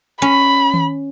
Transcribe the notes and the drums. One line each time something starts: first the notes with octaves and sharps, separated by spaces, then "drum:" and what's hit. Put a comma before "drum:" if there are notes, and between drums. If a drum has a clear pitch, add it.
C#4 B5
drum: tom D#3